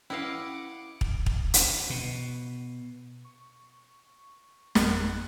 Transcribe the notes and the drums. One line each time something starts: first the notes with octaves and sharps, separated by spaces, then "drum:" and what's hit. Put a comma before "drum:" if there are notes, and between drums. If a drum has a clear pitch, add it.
C#4 E4 B4 D#5 F5 F#5 D6
drum: kick
drum: kick
drum: hi-hat
B2
C#6
G#1 F2 A#3 F#6, drum: snare